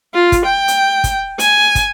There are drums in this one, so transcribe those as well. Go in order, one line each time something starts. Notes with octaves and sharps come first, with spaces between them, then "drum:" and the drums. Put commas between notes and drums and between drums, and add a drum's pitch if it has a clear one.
F4
drum: kick, hi-hat
G5
drum: hi-hat
drum: kick, hi-hat
G#5, drum: hi-hat
drum: kick, hi-hat